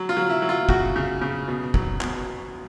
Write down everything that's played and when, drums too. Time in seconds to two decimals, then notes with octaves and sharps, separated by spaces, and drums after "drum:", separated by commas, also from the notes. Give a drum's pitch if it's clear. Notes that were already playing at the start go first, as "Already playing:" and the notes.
Already playing: F#3
0.09 F4
0.17 F#3
0.30 E4
0.42 F#3
0.49 F4
0.69 C#3 F#4, drum: kick
0.96 C#3
1.21 C#3
1.48 B2
1.74 F#3, drum: kick
2.01 B2, drum: clap